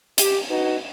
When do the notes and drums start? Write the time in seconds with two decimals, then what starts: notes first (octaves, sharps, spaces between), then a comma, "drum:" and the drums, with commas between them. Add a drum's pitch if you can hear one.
0.18 G4, drum: hi-hat
0.49 D#4 F#4 B4